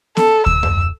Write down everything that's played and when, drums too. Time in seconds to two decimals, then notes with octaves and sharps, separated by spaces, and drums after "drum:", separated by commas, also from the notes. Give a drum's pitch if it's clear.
0.17 A4, drum: snare
0.46 E6, drum: kick D2
0.63 drum: tom F2